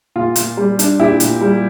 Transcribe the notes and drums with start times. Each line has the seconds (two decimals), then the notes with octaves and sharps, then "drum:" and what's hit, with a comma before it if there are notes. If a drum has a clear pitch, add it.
0.16 A#2 F4
0.36 A#2, drum: hi-hat
0.57 G3
0.79 D4, drum: hi-hat
0.99 A#2 E4 G4
1.20 A#2, drum: hi-hat
1.41 G3